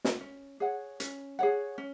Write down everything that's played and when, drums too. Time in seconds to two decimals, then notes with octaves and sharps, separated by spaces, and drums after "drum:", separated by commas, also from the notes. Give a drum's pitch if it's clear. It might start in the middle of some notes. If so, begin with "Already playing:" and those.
0.04 drum: snare
0.21 C#4
0.60 G#4 C#5 F#5
1.00 C#4, drum: hi-hat
1.39 G#4 C#5 F#5
1.78 C#4